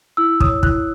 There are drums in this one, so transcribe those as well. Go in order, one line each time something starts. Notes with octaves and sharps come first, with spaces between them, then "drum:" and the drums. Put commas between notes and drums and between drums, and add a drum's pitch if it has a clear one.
E4 E6
C#5 D#6, drum: kick
E4 F#6, drum: kick